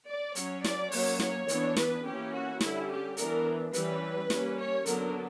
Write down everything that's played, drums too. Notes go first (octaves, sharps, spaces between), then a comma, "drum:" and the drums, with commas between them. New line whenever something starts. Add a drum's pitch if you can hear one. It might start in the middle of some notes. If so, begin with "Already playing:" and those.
D5
F#3 C#4 C#5, drum: hi-hat
D5, drum: snare
F#3 A#3 C#4 C#5, drum: open hi-hat
C#5, drum: snare
E3 B3 D4, drum: hi-hat
B4, drum: snare
E3 A#3 C#4 G4
F#4
D3 G3 C#4 E4, drum: snare
G4
E3 B3 D4 A#4, drum: hi-hat
E3 G3 C#4 B4, drum: hi-hat
G3 A#3 C#4, drum: snare
C#5
D3 F#3 B3 D4 A#4, drum: hi-hat